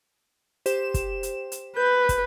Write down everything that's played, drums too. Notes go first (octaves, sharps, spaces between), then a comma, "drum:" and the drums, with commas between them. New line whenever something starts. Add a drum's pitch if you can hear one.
G4 C5 E7, drum: hi-hat
drum: kick, hi-hat
drum: hi-hat
drum: hi-hat
B4 G6
drum: kick, hi-hat